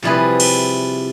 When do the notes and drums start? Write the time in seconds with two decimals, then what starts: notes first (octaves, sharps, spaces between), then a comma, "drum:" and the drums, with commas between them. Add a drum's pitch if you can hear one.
0.03 C3 F3 G3 E4 G#4 B4
0.40 drum: cymbal